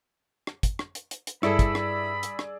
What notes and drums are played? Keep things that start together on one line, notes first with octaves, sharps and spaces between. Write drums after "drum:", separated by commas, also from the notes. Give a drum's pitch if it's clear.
drum: rim click
drum: kick, hi-hat
drum: rim click
drum: hi-hat
drum: hi-hat
drum: hi-hat
G2 E4 G#4 A4 D5 B5 E6, drum: rim click
drum: kick, hi-hat
drum: rim click
drum: hi-hat
drum: rim click